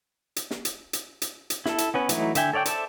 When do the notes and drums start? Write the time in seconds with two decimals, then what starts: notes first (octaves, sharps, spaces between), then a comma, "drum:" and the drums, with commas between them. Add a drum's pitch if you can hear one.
0.36 drum: hi-hat
0.51 drum: snare
0.65 drum: hi-hat
0.93 drum: hi-hat
1.22 drum: hi-hat
1.50 drum: hi-hat
1.66 E4 A4, drum: snare
1.78 drum: hi-hat
1.94 B3 C#4 B4
2.09 E3 F#3 A3 D#4 E4, drum: hi-hat
2.35 D3 E5 G5 G#5, drum: hi-hat
2.53 A4 C#5 D5 F5 G5
2.65 A4 C5 D5 E5 A5, drum: hi-hat